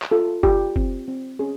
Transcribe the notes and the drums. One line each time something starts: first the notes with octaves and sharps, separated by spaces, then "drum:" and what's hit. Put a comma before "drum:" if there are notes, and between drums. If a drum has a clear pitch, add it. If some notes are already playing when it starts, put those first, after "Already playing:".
drum: clap
F4 A4
F4 G4, drum: kick
C4, drum: kick
C4
C#4 G#4